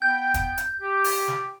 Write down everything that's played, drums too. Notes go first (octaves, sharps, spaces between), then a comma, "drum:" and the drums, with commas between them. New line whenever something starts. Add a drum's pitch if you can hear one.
B3 G5 G6
drum: kick, hi-hat
drum: hi-hat
G4
drum: open hi-hat
drum: snare